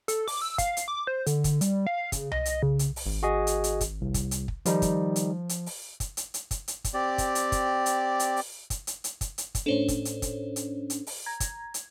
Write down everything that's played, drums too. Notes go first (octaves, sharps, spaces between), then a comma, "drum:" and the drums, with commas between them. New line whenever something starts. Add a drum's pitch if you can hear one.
A4, drum: hi-hat
D6, drum: open hi-hat
E6
F5, drum: kick, hi-hat
drum: hi-hat
D6
C5
D3, drum: hi-hat
drum: kick, hi-hat
G3, drum: hi-hat
F5
C#3, drum: kick, hi-hat
D#5, drum: tom C2
drum: hi-hat
C#3
drum: hi-hat
drum: open hi-hat
G#1
F#4 G#4 D#5
drum: hi-hat
drum: hi-hat
drum: kick, hi-hat
C2
drum: kick, hi-hat
drum: hi-hat
drum: kick
D#3 F3 G3 D#4, drum: hi-hat
drum: kick, hi-hat
drum: hi-hat
drum: hi-hat
drum: open hi-hat
drum: kick, hi-hat
drum: hi-hat
drum: hi-hat
drum: kick, hi-hat
drum: hi-hat
drum: kick, hi-hat
C4 G4 D5
drum: kick, hi-hat
drum: hi-hat
drum: kick, hi-hat
drum: hi-hat
drum: hi-hat
drum: open hi-hat
drum: kick, hi-hat
drum: hi-hat
drum: hi-hat
drum: kick, hi-hat
drum: hi-hat
drum: kick, hi-hat
A2 C#4 D4 A4 C5 C#5
drum: kick, hi-hat
drum: hi-hat
drum: kick, hi-hat
drum: hi-hat
drum: hi-hat
drum: open hi-hat
A#5 G#6
drum: kick, hi-hat
drum: hi-hat